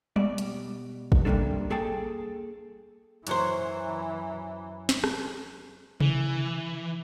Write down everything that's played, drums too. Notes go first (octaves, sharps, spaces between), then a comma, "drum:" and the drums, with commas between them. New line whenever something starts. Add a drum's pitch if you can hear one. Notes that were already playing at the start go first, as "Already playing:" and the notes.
B2 G3 D5, drum: tom G3
drum: hi-hat
drum: kick
C3 G3 A#3 D4 A4
A#3 G#4 A4 G5 A5
F#2 E3 F#3 C5, drum: hi-hat
drum: snare
drum: rim click
E3, drum: tom C3